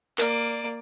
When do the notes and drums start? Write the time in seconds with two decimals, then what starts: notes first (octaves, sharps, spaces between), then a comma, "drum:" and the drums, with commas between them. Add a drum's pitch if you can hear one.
0.18 A#3 A#4 D5, drum: clap